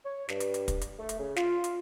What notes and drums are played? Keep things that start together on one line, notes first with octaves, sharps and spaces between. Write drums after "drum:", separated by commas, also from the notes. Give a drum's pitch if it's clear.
C#5
G2, drum: snare
drum: hi-hat
drum: hi-hat
drum: kick, hi-hat
drum: hi-hat
A3
drum: hi-hat
C#3
F4, drum: snare
drum: hi-hat